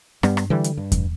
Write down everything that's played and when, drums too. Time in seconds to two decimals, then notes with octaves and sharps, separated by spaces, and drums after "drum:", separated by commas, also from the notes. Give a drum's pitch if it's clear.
0.23 G2 G3 B3, drum: rim click
0.37 drum: rim click
0.50 D3 E3 G3
0.64 drum: hi-hat
0.77 G2
0.92 drum: kick E2, hi-hat